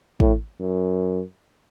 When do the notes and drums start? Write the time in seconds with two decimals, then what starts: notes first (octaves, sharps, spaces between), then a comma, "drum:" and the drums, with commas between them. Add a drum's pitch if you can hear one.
0.20 A2, drum: kick
0.60 F#2